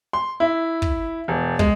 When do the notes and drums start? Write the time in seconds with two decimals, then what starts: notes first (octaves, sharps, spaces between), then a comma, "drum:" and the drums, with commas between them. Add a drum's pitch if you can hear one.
0.13 C6
0.40 E4
0.82 drum: kick
1.28 E1
1.59 G#3, drum: kick